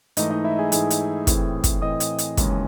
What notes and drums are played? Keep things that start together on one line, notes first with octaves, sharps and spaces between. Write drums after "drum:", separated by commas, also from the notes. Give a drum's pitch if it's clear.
G#2 E3 A3 D#4 D#5, drum: hi-hat
D#4 D#5
E4 E5
G#4 G#5
G#2 E3 A3 G#4 G#5, drum: hi-hat
drum: hi-hat
A2 E3 C4, drum: kick, hi-hat
drum: kick, hi-hat
A2 E3 C4 D#5 D#6
drum: hi-hat
drum: hi-hat
D#2 C#3 E3 G#3 C#4, drum: kick, hi-hat